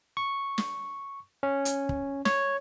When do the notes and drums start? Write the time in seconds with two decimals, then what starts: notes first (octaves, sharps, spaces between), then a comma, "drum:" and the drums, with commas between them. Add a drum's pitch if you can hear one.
0.17 C#6
0.58 drum: snare
1.43 C#4
1.65 drum: hi-hat
1.89 drum: kick
2.25 C#5, drum: snare